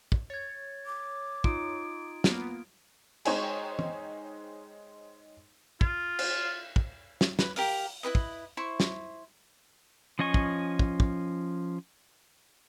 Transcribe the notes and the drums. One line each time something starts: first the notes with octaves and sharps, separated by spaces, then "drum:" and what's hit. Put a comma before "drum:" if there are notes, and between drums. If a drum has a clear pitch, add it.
drum: kick
C#5 G#6 A6
D6
D#4 F4 D#6 D7, drum: kick
A#3 B3 F4, drum: snare
G#3 D#4 C5 C#5 G5 G#5, drum: cymbal
drum: tom
F4, drum: kick
drum: cymbal
drum: kick
drum: snare
B4, drum: snare
G4 A#4 F5, drum: open hi-hat
E4 F#4 B4 D#5
drum: kick
E4 C5 C#6
drum: snare
F3 C#4 D#5 G#5 C#6
drum: kick
drum: kick
drum: kick